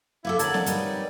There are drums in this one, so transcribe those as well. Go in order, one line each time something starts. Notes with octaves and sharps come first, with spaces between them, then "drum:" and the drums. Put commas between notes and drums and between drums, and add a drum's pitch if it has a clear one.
B3 E4 F#4 A4 F5 D6 E6
D3 A#4 C#5 F#5 A5 G#6 F#7, drum: hi-hat
D5, drum: snare C4
G3 D#4 B4, drum: hi-hat